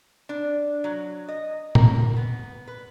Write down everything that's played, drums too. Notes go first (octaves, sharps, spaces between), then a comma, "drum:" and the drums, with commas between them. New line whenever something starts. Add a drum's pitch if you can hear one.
D4
F#3
D#5
A#4, drum: tom A#2
B3
B4